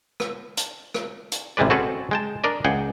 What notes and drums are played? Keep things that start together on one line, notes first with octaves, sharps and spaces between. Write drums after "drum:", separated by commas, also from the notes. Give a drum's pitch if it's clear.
drum: rim click
drum: hi-hat
drum: rim click
drum: hi-hat
A1 C3 G3 G#3 B4 D5
C4 C#4 F#4 G#4 A4 B4
G#3 G5 A5
D4 A#4 D5 D#5
C#2 G#4 F#5 G5